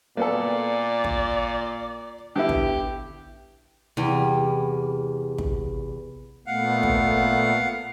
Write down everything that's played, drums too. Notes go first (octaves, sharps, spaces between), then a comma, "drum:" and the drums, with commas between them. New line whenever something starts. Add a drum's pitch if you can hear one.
A#2 A#3 B3 A4 D5
drum: kick
D3 B3 E4 G4
drum: kick
E2 C3 G3
drum: kick
A#2 A3 B3 F5 F#5
drum: kick